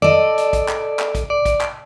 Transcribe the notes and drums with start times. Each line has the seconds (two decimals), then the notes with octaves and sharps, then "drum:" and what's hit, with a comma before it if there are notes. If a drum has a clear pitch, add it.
0.02 A4 D5 D#5
0.38 drum: hi-hat
0.53 drum: kick, hi-hat
0.68 drum: clap
0.99 drum: clap
1.15 drum: kick, hi-hat
1.30 D5
1.45 drum: kick, hi-hat
1.61 drum: clap